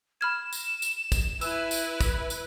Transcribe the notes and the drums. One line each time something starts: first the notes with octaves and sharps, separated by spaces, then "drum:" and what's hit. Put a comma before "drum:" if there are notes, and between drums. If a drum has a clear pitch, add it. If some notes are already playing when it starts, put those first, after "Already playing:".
B5 F6 G#6 E7
drum: tambourine
drum: tambourine
drum: kick, tambourine
E4 B4 E5 G#5 E6, drum: tambourine
drum: tambourine
drum: kick, tambourine
drum: tambourine